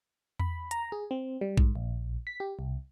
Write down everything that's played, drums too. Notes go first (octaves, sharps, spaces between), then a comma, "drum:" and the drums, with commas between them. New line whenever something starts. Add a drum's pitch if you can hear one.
B5, drum: tom E2
A#5, drum: hi-hat
G#4
C4
G3
G#2, drum: kick A#1
A#1
B6
G4
C2